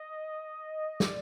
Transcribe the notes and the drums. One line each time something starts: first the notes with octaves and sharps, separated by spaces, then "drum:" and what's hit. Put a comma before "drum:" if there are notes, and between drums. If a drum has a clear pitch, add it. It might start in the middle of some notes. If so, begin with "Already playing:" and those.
Already playing: D#5
D5, drum: snare